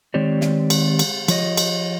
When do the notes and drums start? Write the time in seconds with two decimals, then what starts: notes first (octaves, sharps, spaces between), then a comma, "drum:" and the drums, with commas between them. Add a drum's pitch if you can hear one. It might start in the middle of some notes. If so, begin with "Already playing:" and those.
0.14 D#3 G#3 C4 G4 C#5 D5
0.41 drum: snare
0.70 drum: cymbal
0.99 drum: cymbal
1.28 F3 C#5 D#5, drum: cymbal
1.57 drum: cymbal